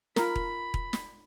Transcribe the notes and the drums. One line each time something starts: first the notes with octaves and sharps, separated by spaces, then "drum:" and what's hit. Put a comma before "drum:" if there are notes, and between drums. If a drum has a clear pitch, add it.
F4 A#4 B5, drum: snare
drum: kick E1
drum: kick E1
drum: snare